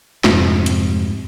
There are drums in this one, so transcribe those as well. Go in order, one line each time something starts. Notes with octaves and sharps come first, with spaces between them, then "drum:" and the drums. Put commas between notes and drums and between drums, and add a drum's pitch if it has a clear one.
F2 G#2 C3, drum: snare
drum: hi-hat